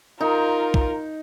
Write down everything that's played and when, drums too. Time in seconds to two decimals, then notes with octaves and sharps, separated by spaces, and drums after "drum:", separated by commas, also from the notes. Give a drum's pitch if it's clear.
0.21 D#4 F4 A#4
0.74 drum: kick